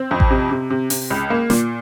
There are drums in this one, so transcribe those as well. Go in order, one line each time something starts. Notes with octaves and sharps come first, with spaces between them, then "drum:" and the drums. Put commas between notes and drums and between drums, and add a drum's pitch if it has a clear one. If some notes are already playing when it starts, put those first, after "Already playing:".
Already playing: C4
F2
drum: kick A1
C3
C3
C3
C3, drum: open hi-hat
C#2
A#3
A#2, drum: snare